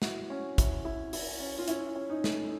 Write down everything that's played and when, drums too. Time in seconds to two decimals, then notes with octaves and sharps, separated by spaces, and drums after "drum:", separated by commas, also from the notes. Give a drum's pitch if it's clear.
0.02 E4 F#4, drum: snare
0.30 C#4
0.58 E4, drum: kick, hi-hat
0.85 E4
1.13 E4, drum: open hi-hat
1.40 C#4
1.58 F4
1.68 C#4 E4, drum: hi-hat
1.96 C#4
2.10 D#4
2.24 A3, drum: snare